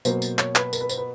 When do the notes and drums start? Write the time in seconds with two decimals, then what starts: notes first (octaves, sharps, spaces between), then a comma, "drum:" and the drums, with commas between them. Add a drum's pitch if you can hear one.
0.05 B2 F#3 A#3 C5, drum: tambourine
0.22 drum: tambourine
0.39 C#5, drum: clap
0.56 B4, drum: clap
0.73 A#4, drum: tambourine
0.81 B4
0.89 C5, drum: tambourine
0.98 B4